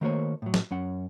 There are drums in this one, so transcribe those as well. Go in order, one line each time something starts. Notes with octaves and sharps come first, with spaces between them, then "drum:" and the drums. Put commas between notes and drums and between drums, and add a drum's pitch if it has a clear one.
D#3 A3 A#3 F#4 C5 C#5
A2 F#3
drum: snare
F#2 C#4 F#5